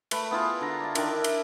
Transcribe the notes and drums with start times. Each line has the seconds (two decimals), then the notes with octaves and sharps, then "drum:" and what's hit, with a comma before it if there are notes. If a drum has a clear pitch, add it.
0.11 A3 B4 B5, drum: cymbal
0.31 B3 E4 F4 G#4
0.61 D3 A#5
0.80 D5 F5
0.95 D#3 D4 E4 A#4, drum: cymbal
1.13 E5
1.24 drum: cymbal